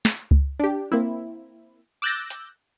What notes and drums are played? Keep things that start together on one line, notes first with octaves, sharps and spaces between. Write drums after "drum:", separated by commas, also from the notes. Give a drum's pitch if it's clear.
drum: snare
drum: kick C#2
D4 G4
A#3 C4 E4
D6 E6 F#6 G6 A6 A#6
drum: hi-hat